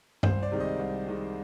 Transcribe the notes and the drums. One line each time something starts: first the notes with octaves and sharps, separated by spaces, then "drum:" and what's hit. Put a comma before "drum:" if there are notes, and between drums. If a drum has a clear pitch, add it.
C2 C5, drum: tom G2
D5
C3 D#3 G#3
D#5
C2
C3 D#3 G#3